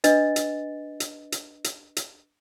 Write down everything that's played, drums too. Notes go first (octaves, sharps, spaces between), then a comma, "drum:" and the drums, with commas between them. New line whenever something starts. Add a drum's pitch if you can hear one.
D4 B4 D#5 A6, drum: hi-hat
drum: hi-hat
drum: hi-hat
drum: hi-hat
drum: hi-hat
drum: hi-hat